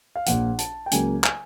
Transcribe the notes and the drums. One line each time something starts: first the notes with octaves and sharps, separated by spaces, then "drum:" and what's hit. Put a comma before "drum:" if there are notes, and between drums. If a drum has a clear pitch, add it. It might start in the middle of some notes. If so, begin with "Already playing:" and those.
F5
A#1 A#2 F3 F#5, drum: hi-hat
A5, drum: hi-hat
G5
C#2 C#3 F#3 A#3 G#5, drum: hi-hat
G#5, drum: clap